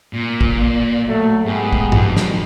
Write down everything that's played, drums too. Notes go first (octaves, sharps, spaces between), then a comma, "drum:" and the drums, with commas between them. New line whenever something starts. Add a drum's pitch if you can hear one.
A#2
drum: kick
F#3 A3
G#2 B3 G4 G#4
drum: kick
F2, drum: tom
drum: snare